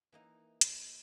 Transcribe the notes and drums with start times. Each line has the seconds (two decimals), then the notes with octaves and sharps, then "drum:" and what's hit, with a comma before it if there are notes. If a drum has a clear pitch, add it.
0.12 E3 A#3 D#4
0.61 drum: hi-hat